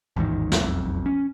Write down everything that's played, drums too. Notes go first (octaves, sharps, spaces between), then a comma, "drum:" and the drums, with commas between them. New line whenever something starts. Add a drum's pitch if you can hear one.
A1 E2 G#2 D#3
E1 B1 F2, drum: snare
C#4